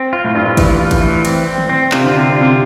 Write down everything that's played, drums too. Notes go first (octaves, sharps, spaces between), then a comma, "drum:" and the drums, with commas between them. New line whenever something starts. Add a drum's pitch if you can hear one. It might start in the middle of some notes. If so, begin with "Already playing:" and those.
Already playing: C4
F4
A2
G2 F4
A2
G2 E3, drum: kick G#1, cymbal
F4
A2, drum: kick G#1, cymbal
E3
C4, drum: cymbal
C4
drum: tom D3
C4
C3 F4, drum: clap
D3
C3 F4
D3
C3 F4